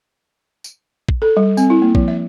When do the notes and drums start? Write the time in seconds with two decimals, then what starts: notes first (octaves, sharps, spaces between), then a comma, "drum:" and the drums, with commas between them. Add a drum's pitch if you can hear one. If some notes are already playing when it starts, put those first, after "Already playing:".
0.64 drum: tambourine
1.09 drum: kick
1.22 A4
1.37 G3
1.57 C4, drum: tambourine
1.70 E4
1.82 A#3
1.95 F3, drum: kick
2.08 E5